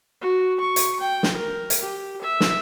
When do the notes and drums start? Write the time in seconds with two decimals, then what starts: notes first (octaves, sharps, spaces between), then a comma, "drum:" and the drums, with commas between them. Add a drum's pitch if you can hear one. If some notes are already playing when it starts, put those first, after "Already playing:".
0.21 F#4
0.60 C#6
0.76 drum: hi-hat
1.00 G5
1.23 drum: snare
1.37 A#4
1.70 drum: hi-hat
1.81 G4
2.22 E5
2.40 drum: snare